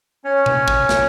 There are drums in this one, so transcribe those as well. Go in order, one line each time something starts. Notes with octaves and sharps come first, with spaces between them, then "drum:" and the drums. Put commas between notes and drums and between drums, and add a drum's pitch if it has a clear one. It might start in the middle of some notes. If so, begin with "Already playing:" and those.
C#4 C#5
drum: tom B2
drum: kick
drum: snare